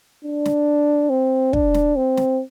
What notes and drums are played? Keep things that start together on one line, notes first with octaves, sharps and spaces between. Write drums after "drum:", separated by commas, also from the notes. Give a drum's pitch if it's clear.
D4
drum: snare
C4
D4, drum: kick
drum: snare
C4
drum: snare